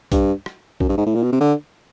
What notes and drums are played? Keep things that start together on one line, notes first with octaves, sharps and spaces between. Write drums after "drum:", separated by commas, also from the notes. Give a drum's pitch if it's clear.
G2, drum: kick A#1, hi-hat
drum: rim click
F#2, drum: kick A#1
G2
G#2
A2
A#2
B2
C3
D3